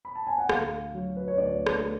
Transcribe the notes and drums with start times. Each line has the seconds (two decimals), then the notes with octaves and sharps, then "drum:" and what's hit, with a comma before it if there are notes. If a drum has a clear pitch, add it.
0.05 B5
0.15 A5
0.27 G#5
0.38 F#5
0.49 D2 F5, drum: rim click
0.94 F#3
1.16 B4
1.28 C#5
1.37 D2 D5
1.66 drum: rim click
1.81 A3